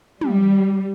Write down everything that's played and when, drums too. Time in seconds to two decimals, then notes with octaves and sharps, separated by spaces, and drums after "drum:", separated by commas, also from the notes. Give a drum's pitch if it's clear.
0.21 G3, drum: tom